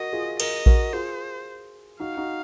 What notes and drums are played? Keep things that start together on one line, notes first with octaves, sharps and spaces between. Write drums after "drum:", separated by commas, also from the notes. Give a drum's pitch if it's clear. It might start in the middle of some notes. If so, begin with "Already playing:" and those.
Already playing: F#4 A#4 D#5
F4 G#4
A#4 D#5, drum: cymbal
F#4 A#4, drum: kick A#1
F4 G#4 C5
D#4 F#4 F5
D#4 F#4